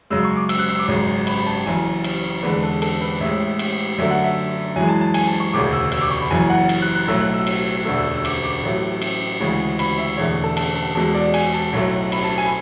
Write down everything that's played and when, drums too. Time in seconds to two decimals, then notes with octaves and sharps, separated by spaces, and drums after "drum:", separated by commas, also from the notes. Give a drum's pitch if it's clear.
0.10 F#2 C#3 G#3 E6
0.24 C#6
0.36 D6
0.49 E6, drum: cymbal
0.59 F#6
0.69 E6
0.79 D6
0.88 G#1 F#2 C#3 G#3
1.27 B5, drum: cymbal
1.37 B5
1.46 A5
1.66 F#1 F#2 E3 G#5
2.04 drum: cymbal
2.43 E2 D3 G#3 B4
2.63 A4
2.82 A4, drum: cymbal
3.01 B4
3.20 A1 A2 G#3 E5
3.59 drum: cymbal
3.98 F#2 D3 A3 E5
4.11 F#5
4.24 E5
4.76 F#2 E3 G#3 G#5
4.88 A5
5.01 A5
5.14 G#5, drum: cymbal
5.27 A5
5.40 C#6
5.53 E1 D2 C#3 D6
5.73 E6
5.92 E6, drum: cymbal
6.01 D6
6.11 C#6
6.21 B5
6.30 F#1 F#2 E3 G#5
6.50 F#5
6.69 drum: cymbal
6.82 F#6
6.95 F#6
7.08 B1 A2 F#3 A3 E6
7.21 F#6
7.34 E6
7.47 drum: cymbal
7.85 E1 D2 D3 A3 E6
7.98 E6
8.11 E6
8.25 D6, drum: cymbal
8.44 D6
8.63 A1 A2 F#3 A3
9.02 drum: cymbal
9.40 D2 C#3 E3 G#3
9.79 B5, drum: cymbal
9.98 E5
10.17 E1 E2 D3 A3 C#5
10.44 A4
10.57 A4, drum: cymbal
10.76 A4
10.95 E2 B2 G#3 A4
11.14 D5
11.34 G#5, drum: cymbal
11.54 A5
11.73 B1 A2 F#3 A3
12.12 B5, drum: cymbal
12.24 A5
12.38 G#5
12.46 B5